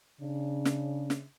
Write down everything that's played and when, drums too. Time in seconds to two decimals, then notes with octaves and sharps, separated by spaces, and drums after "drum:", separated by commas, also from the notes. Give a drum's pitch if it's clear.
0.21 C#3 D4
0.65 drum: snare
1.10 drum: snare